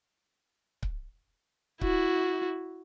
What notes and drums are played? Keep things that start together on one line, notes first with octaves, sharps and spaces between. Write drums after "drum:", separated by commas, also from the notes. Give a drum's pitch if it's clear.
drum: kick C#1
E4 F#4, drum: kick C#1